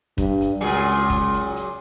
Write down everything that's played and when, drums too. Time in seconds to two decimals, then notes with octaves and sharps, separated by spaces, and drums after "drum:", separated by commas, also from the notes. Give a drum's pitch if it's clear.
0.18 G2, drum: kick, hi-hat
0.41 drum: hi-hat
0.61 C#2 A#2 F#3 G#4
0.87 drum: hi-hat
1.10 drum: kick, hi-hat
1.33 drum: hi-hat
1.56 drum: hi-hat